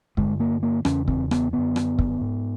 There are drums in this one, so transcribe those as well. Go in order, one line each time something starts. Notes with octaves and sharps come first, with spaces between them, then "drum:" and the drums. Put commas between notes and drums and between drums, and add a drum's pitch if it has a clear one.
G2 D3 G#3, drum: kick
A#3
A#3
E2 C#3 C#4, drum: rim click
C4, drum: kick
B3, drum: rim click
D3 B3
F#2
drum: rim click
drum: kick
G#2